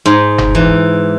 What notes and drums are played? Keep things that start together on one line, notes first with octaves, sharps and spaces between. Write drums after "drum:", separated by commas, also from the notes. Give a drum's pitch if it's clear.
G#2
drum: tom F#1
E3